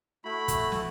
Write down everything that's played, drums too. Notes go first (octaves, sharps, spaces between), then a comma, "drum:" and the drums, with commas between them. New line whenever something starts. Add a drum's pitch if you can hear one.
A3 E4 F#4 B5
drum: kick, hi-hat
drum: snare